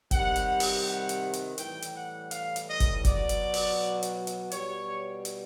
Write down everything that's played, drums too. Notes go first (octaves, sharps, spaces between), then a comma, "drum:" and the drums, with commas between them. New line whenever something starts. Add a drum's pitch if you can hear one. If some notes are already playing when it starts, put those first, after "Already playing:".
C3 D#3 G3 F#5, drum: kick F#1, hi-hat
drum: hi-hat
drum: open hi-hat
F#5
drum: hi-hat
drum: hi-hat
A2 E3 G3 G5, drum: hi-hat
drum: hi-hat
F#5
F5, drum: hi-hat
drum: hi-hat
D#5
drum: kick F#1, hi-hat
B2 F#3 D5, drum: kick F#1, hi-hat
drum: hi-hat
drum: open hi-hat
drum: hi-hat
drum: hi-hat
B2 G3 C#5, drum: hi-hat
drum: hi-hat